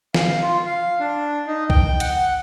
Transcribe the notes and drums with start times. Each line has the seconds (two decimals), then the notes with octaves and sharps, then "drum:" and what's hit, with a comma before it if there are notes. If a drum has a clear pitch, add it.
0.14 F5, drum: snare
0.42 F4
0.66 F5
1.00 D4
1.47 D#4
1.70 G5, drum: kick
2.00 F#5, drum: hi-hat